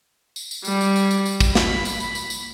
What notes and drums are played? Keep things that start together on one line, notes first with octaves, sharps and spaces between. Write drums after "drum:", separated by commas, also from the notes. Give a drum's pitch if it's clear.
drum: tambourine
drum: tambourine
G3, drum: tambourine
drum: tambourine
drum: tambourine
drum: tambourine
drum: tambourine
drum: kick, tambourine
B5, drum: snare
drum: tambourine
drum: tambourine
drum: tambourine
drum: tambourine